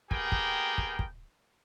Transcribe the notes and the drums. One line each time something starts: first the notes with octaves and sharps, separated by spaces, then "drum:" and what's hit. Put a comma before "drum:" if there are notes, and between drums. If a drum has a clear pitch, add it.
A#3 B3 G4 G#4 A#4 G5, drum: kick
drum: kick
drum: kick
drum: kick